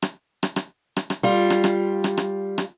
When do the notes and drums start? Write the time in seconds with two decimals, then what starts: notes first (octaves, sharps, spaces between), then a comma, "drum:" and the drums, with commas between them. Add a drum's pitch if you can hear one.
0.02 drum: rim click
0.43 drum: rim click
0.56 drum: rim click
0.96 drum: rim click
1.10 drum: rim click
1.23 G3 F4
1.50 drum: rim click
1.64 drum: rim click
2.04 drum: rim click
2.17 drum: rim click
2.58 drum: rim click